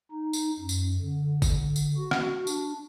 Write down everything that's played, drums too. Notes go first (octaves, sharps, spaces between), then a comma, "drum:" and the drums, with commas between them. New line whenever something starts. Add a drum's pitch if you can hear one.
D#4
drum: tambourine
F#2
drum: tambourine
D3
D3, drum: kick G1, tambourine
drum: tambourine
F#4
drum: rim click
D4, drum: tambourine